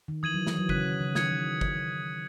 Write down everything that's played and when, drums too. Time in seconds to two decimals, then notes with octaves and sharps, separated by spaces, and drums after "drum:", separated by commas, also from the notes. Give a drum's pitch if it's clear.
0.08 D#3
0.23 E3 D#6 G#6 D#7 F#7
0.34 F#3
0.47 E3, drum: snare
0.58 F#3
0.69 C#3 F#6 B6 D#7, drum: kick
0.84 D#3
1.00 C#3
1.15 D#3 D#6 G#6 C#7, drum: snare
1.31 E3
1.61 drum: kick